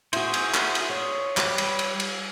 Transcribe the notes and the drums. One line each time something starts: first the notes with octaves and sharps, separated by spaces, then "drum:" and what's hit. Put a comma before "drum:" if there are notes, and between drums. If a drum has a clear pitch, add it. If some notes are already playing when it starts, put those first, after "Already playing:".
E4 F#4 G#4 C5, drum: cymbal
drum: cymbal
drum: clap
drum: cymbal
C#5
G3 G4 B4, drum: clap
drum: cymbal
drum: cymbal
drum: cymbal